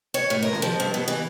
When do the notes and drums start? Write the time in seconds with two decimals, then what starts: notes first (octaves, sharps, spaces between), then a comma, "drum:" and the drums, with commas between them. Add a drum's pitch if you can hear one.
0.14 C#5
0.30 A2
0.43 A#4
0.53 drum: snare C#4
0.62 F3
0.80 G2
0.94 B2
1.08 E3